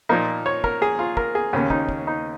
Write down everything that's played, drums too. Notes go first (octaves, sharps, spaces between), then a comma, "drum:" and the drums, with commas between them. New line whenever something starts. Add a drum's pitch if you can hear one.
A#2 F3 A#3 D#4
C#5
A#4, drum: kick
G#4
F4
A#4, drum: kick
G#4
D#2 C#3 A#3 C#4
D#4, drum: kick
drum: kick
D#4